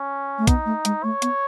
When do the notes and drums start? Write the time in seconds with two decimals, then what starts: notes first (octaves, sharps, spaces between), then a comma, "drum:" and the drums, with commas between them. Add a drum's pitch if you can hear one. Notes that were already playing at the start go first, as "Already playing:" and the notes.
Already playing: C#4
0.39 A3
0.47 B3 D#4, drum: kick, hi-hat
0.66 A3
0.85 G#3, drum: hi-hat
1.04 A3 C#5
1.22 B3, drum: hi-hat